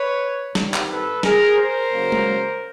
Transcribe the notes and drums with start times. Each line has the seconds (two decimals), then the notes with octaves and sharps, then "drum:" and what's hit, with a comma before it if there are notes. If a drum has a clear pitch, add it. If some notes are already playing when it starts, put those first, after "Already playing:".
Already playing: B4 C#5
0.55 G2 D#3 G3 C4, drum: snare
0.74 drum: clap
0.89 A4 B4
1.23 G#4 A#4, drum: snare
1.57 A#4 C5
1.92 C#3 F#3 A#3
2.12 drum: tom G#3